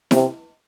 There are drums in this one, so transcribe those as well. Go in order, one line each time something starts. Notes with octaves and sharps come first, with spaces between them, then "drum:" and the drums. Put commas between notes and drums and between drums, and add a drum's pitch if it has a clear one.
C3, drum: snare E4